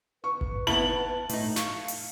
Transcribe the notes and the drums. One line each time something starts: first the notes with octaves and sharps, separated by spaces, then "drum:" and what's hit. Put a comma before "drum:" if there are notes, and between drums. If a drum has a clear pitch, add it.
B4 C#6
drum: kick G#1
B3 E4 A5 F#7
A2 A3 D#4, drum: open hi-hat
F5 C#6, drum: snare
drum: open hi-hat